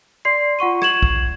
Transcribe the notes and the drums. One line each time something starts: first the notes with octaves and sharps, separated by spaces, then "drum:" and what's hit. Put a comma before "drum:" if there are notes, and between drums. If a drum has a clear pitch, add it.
D5 C6 C7
F4 F#5 C#6 D#7
G#6 E7 F#7, drum: rim click
drum: kick